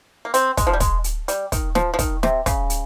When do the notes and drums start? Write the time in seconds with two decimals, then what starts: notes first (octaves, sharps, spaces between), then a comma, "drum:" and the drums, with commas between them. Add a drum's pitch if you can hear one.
0.25 A#3
0.34 C4, drum: hi-hat
0.57 G#3, drum: kick, hi-hat
0.67 F3
0.73 G3
0.80 G#3, drum: kick, hi-hat
1.04 drum: hi-hat
1.28 G3, drum: hi-hat
1.52 D#3, drum: kick, hi-hat
1.75 F3, drum: snare
1.94 F3
1.99 D#3, drum: kick, hi-hat
2.23 C3, drum: snare
2.46 C#3, drum: kick, hi-hat
2.70 drum: hi-hat